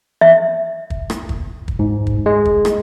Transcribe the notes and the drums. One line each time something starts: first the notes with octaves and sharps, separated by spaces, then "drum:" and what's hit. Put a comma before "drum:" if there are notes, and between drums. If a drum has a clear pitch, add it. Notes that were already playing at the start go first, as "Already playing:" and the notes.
E5
drum: kick
drum: rim click
drum: kick
drum: kick
G#2
drum: kick
G#3
drum: kick
drum: rim click